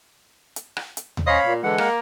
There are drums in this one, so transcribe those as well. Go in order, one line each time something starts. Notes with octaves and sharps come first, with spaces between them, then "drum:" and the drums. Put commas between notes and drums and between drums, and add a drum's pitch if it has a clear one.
drum: hi-hat
drum: rim click
drum: hi-hat
drum: tom D#2
C#4 C5 C#5 D#5 F5 B5
A#2
D3 E3 G#3 F#5
A#3, drum: rim click